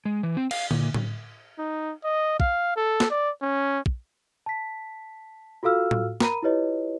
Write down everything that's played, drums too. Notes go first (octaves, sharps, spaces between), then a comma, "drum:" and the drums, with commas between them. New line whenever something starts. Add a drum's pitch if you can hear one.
G#3
E3
C4
F5, drum: cymbal
A#2, drum: tom D3
drum: tom A2
D#4
D#5
F5, drum: kick
A4
drum: snare
D5
C#4
drum: kick
A5 B6
F4 F#4 A4 F5 E6 F6
drum: tom A2
A#4 A#5 B5 D#7, drum: snare
E4 F4 G4 B4 C#5 D#5